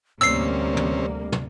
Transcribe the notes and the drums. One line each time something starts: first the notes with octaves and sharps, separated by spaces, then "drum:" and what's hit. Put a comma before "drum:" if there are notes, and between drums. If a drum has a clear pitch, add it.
D2 C3 G3 A#3 C4 C#4 E6 C7, drum: tom
drum: tom
drum: tom